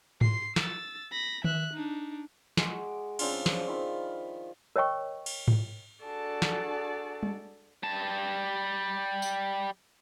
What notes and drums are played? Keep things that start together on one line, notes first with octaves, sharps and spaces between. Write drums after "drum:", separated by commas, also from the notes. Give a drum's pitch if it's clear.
C6 C7, drum: tom G#2
E6 A6, drum: snare
B5 A#6
E5 F#6, drum: tom D#3
D4 D#4
G#3 F#4 A#5 D6, drum: snare
C#3 C4 D4 F4, drum: cymbal
F3, drum: snare
D#3 F3 B5
A#4 C#5 D#5 G5 C#6
drum: cymbal
drum: tom G#2
D4 F#4 G#4 A4 D5 A5
drum: snare
drum: tom G3
G3 A5
drum: tambourine